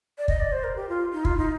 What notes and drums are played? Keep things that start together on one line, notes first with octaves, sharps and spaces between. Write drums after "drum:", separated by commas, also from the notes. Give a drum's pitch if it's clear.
D5
D#5, drum: kick
D5
C5
A#4
G4
F4
D#4
F4, drum: kick
D#4